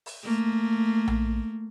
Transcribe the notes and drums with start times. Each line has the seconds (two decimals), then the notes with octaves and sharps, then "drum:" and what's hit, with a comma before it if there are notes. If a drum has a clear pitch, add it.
0.06 drum: open hi-hat
0.23 A3 A#3
1.07 drum: tom A#1